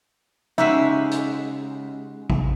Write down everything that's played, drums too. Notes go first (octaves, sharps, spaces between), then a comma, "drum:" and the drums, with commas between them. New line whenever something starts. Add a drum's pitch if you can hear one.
C#3 G#3 D#4 F#4 G4 E5
drum: hi-hat
drum: kick